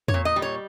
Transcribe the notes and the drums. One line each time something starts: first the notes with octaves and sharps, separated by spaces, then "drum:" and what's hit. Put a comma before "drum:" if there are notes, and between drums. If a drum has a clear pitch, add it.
C#5, drum: tom E2
A#2
D#5
G3
C#5